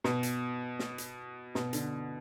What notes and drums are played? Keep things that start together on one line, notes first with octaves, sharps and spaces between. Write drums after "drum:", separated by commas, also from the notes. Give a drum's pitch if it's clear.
B2, drum: snare
drum: hi-hat
drum: snare
drum: hi-hat
B2, drum: snare
D3, drum: hi-hat